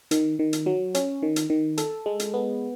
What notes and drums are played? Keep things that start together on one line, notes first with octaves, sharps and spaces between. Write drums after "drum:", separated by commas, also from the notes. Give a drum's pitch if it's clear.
D#3, drum: hi-hat
D#3
drum: hi-hat
F#3
C#4, drum: hi-hat
D#3
drum: hi-hat
D#3
A4, drum: hi-hat
G#3
drum: hi-hat
B3